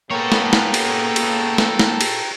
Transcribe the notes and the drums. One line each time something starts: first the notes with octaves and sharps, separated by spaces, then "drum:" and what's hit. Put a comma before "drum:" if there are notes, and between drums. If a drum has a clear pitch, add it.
C#3 A#3 B3 A4 C#5 G5 A#5
drum: snare
drum: snare
drum: cymbal
drum: cymbal
drum: snare
drum: snare
drum: cymbal